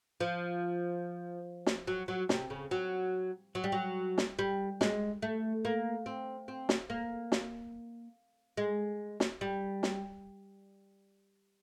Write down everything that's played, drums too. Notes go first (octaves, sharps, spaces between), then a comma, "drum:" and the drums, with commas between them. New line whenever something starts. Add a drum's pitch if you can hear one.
F3
drum: snare
F#3
F#3
C3, drum: snare
C#3
F#3
F#3
G3
F#3
drum: snare
G3
G#3, drum: snare
A3
A#3
C4
C4
drum: snare
A#3
drum: snare
G#3
drum: snare
G3
drum: snare